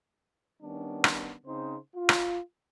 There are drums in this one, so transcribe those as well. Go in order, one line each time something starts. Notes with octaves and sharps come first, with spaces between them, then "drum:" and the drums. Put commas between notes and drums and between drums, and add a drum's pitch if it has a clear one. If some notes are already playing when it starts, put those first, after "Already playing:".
D#3 G3 B3 C#4 D4
drum: rim click
C#3 C4 D#4 C5
F4
drum: rim click